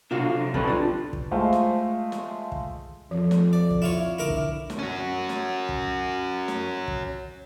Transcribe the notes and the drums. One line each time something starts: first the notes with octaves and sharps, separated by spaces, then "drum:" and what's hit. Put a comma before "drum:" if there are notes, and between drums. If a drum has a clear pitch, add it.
C3 F#3 D4 F4 F#4 F5
D3
F#2
F#3 G3 C4 A4 B4, drum: kick
D4 F4
drum: kick
G#3 A3 F4 C5 F5
drum: snare
drum: snare
drum: kick
F2 F3
drum: snare
D5
drum: kick
E4 F4 C#5
D3 E4 A#4 D6
drum: kick
drum: snare
C#4 F#4
drum: snare
drum: kick
drum: snare
drum: kick